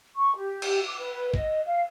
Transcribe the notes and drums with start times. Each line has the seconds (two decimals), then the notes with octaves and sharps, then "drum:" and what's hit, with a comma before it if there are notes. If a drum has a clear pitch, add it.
0.16 C#6
0.36 G4
0.62 drum: cymbal
0.85 D6
0.98 B4
1.34 D#5, drum: kick
1.66 F5